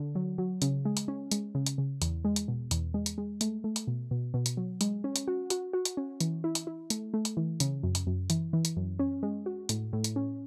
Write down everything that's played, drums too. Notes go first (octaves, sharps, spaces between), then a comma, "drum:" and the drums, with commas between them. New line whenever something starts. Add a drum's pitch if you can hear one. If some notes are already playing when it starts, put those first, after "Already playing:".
Already playing: D3
F#3
F#3
C#3, drum: hi-hat
G#3
drum: hi-hat
C#4
G#3, drum: hi-hat
C#3
drum: hi-hat
C#3
E2, drum: hi-hat
G#3
drum: hi-hat
B2
E2, drum: hi-hat
G#3
drum: hi-hat
G#3
A3, drum: hi-hat
A3
drum: hi-hat
B2
B2
B2
drum: hi-hat
F#3
G#3, drum: hi-hat
C#4
drum: hi-hat
F#4
F#4, drum: hi-hat
F#4
drum: hi-hat
C#4
E3, drum: hi-hat
E4
drum: hi-hat
E4
A3, drum: hi-hat
A3
drum: hi-hat
E3
C#3, drum: hi-hat
F#2
drum: hi-hat
F#2
E3, drum: hi-hat
E3
drum: hi-hat
F#2
C#4
G#3
F#4
A2, drum: hi-hat
A2
drum: hi-hat
C#4